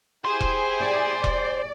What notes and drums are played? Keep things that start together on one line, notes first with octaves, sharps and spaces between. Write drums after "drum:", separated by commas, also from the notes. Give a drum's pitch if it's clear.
E4 G4 G#4 C5
drum: kick E1
D5
drum: kick E1